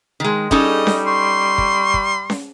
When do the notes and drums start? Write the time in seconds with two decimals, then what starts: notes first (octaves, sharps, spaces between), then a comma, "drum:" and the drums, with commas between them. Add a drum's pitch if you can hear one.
0.20 D#3 G#3
0.51 G3 C#4 D#4 G#4 A4 D#5, drum: kick
0.87 drum: snare C#4
1.07 C6 C#6
1.58 drum: kick
1.94 drum: kick
2.30 drum: snare C#4